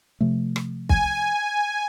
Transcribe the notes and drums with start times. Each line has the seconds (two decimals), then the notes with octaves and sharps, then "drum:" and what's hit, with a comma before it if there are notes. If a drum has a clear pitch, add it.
0.21 C3 F3 A3
0.56 drum: rim click
0.89 G#5, drum: kick